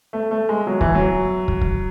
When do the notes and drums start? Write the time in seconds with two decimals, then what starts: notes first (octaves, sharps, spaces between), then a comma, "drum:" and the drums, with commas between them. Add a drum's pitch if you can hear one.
0.13 A3
0.31 A3
0.49 G#3
0.67 F#3
0.81 E3, drum: kick
0.95 F#3
1.48 drum: kick
1.61 drum: kick